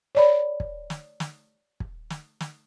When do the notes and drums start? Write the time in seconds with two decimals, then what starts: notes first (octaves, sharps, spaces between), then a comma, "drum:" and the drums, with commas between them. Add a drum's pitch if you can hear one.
0.15 C#5 D5 B5
0.60 drum: kick
0.90 drum: snare
1.20 drum: snare
1.80 drum: kick
2.10 drum: snare
2.41 drum: snare